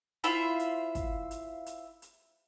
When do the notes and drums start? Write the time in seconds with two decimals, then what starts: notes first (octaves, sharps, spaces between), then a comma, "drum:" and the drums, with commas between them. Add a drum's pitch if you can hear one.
0.24 E4 F4 C5 E5, drum: hi-hat
0.59 drum: hi-hat
0.95 drum: kick, hi-hat
1.31 drum: hi-hat
1.66 drum: hi-hat
2.02 drum: hi-hat